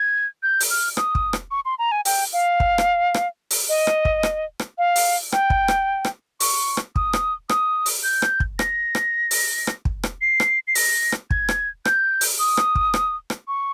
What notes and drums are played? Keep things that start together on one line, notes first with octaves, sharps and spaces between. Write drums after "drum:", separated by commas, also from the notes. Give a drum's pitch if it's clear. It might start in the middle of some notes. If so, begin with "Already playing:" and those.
Already playing: G#6
G6
drum: open hi-hat
F6
D#6, drum: rim click
drum: kick
drum: rim click
C#6
C6
A#5
G#5
G5, drum: open hi-hat
F5
drum: kick
drum: rim click
drum: rim click
drum: open hi-hat
D#5
drum: rim click
drum: kick
drum: rim click
drum: rim click
F5
drum: open hi-hat
G5, drum: rim click
drum: kick
drum: rim click
drum: rim click
C#6, drum: open hi-hat
drum: rim click
D#6, drum: kick
drum: rim click
D#6, drum: rim click
drum: open hi-hat
G6
drum: rim click
drum: kick
A#6, drum: rim click
drum: rim click
drum: open hi-hat
drum: rim click
drum: kick
drum: rim click
C7
drum: rim click
C7
A#6, drum: open hi-hat
drum: rim click
G#6, drum: kick
drum: rim click
G6, drum: rim click
drum: open hi-hat
D#6
drum: rim click
drum: kick
drum: rim click
drum: rim click
C#6